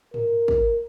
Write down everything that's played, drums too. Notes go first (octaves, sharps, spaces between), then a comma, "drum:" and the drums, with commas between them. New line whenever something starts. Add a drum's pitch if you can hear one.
A#4, drum: tom
drum: kick